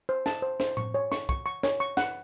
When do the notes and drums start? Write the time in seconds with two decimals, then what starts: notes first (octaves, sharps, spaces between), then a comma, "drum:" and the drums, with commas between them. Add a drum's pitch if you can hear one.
0.09 C5
0.26 A5, drum: snare
0.42 C5
0.60 C5, drum: snare
0.77 C#6, drum: tom A2
0.94 C#5
1.12 C#6, drum: snare
1.29 C#6, drum: kick
1.46 C#6
1.63 C#5, drum: snare
1.80 C#6
1.97 F#5, drum: snare